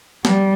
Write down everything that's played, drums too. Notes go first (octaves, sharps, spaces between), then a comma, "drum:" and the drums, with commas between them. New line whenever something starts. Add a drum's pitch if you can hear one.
G3, drum: snare